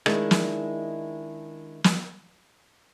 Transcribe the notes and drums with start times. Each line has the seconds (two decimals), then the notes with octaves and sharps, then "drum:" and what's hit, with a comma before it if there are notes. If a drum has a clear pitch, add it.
0.06 D#3 G#3 D4 E4, drum: rim click
0.31 drum: snare
1.84 drum: snare